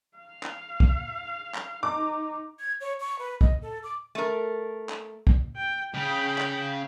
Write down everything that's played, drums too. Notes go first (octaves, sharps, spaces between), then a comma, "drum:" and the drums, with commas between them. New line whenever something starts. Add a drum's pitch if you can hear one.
F5
drum: clap
drum: kick
drum: clap
D#4 D6
G#6
C#5
C#6
B4
D#5, drum: kick
A4
D6
A3 A#4
drum: clap
drum: kick
G5
C#3 G5 B5
drum: clap